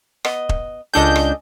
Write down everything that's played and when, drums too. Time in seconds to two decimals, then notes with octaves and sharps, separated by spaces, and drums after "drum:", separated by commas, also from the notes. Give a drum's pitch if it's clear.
0.25 B3 D#5, drum: rim click
0.49 drum: kick E1
0.93 C#2 D4 G#4 A4 D#5 G6
1.16 drum: rim click